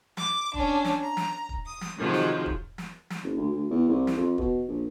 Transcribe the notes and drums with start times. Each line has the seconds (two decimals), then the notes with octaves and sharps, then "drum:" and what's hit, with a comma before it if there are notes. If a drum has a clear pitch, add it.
0.17 D6, drum: snare
0.54 C#4 D4, drum: kick
0.85 drum: snare
1.01 A#5
1.17 drum: snare
1.49 drum: kick
1.66 D#6
1.81 drum: snare
1.97 C3 D#3 F3 F#3 G#3
2.14 drum: snare
2.46 drum: kick
2.78 drum: snare
3.10 drum: snare
3.24 F#1
3.37 D2
3.51 D2
3.70 E2
3.89 C2
4.07 drum: snare
4.17 F2
4.38 B2, drum: kick
4.68 A#1